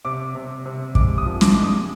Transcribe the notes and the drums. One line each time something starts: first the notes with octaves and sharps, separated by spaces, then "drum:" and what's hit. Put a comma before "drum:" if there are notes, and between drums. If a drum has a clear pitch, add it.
C3 D6
C3
C3
G#3 D6, drum: kick
D#6
F3
D6, drum: snare
G#3 D6
D#6